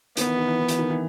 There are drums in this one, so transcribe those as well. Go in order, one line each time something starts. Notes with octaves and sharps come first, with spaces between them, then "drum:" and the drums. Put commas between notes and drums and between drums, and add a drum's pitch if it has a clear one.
D#3 B3, drum: hi-hat
E3
D#3
E3
D#3
E3, drum: hi-hat
D#3
E3